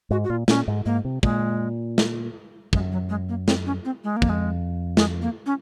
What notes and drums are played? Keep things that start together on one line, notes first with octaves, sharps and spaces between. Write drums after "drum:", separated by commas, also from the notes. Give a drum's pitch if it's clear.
G#2 F#4
F#4
A#2 F4
A#2 C#4, drum: snare
G#2
G#2 A#3
C3
A#2 G#3, drum: kick
drum: snare
F#2 G#3, drum: kick
F#3
G#3
A#3
C4, drum: snare
C#4
C4
G#3
A#3
F2, drum: kick
G#3
G#3, drum: snare
A#3
C#4